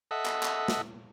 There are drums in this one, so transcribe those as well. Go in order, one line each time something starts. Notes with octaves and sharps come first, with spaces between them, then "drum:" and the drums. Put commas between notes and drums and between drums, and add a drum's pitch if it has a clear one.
A4 D#5 E5 F#5
drum: clap
drum: clap
drum: snare